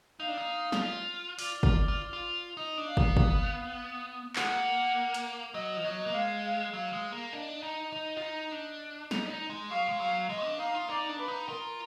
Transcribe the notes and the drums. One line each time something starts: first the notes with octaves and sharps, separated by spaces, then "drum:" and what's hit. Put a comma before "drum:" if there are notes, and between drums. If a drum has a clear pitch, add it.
D#4 F5
D4
D#4
D#4, drum: snare
F4
F4 D5, drum: open hi-hat
F4, drum: kick
F4
F4
D#4 D#5
D4
F5
B3, drum: kick
F5, drum: kick
A#3 F#5, drum: clap
G#3
A#3
drum: hi-hat
F#3 D#5
F3
F#3 D#5
A#3
G#3 F5
F5
F#3 F5
G#3
A#3
D4 D#5
D#4
D#4
F4
D#4
D4
D#4, drum: snare
D4
D#4
G#3
F#3 F5
G#3
F#3 F5
G#3 D#5
D4
D#4 F5
F4
D#4 D5
D4
B4
D#4
F4 A#4